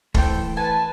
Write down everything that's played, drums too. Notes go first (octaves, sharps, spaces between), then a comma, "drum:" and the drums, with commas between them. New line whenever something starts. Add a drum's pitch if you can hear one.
E3 A3 A4 C5 G5, drum: kick
B4 G#5 A5